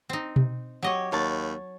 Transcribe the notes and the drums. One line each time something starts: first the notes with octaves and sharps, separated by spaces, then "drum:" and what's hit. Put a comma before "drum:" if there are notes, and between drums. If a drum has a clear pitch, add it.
C4 D#4
drum: tom B2
F#3 G4 C#5 D#5
D#2 C#5 A5